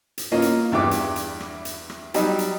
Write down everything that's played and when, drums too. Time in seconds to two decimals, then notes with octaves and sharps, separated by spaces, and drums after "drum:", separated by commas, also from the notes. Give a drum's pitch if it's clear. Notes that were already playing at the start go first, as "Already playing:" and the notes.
0.18 drum: hi-hat
0.32 A#3 C#4 F4 D#5
0.42 drum: hi-hat
0.72 E2 G2 E4 D6
0.91 drum: hi-hat
1.16 drum: hi-hat
1.40 drum: rim click
1.65 drum: hi-hat
1.90 drum: rim click
2.14 F#3 G3 D#4, drum: hi-hat
2.39 drum: hi-hat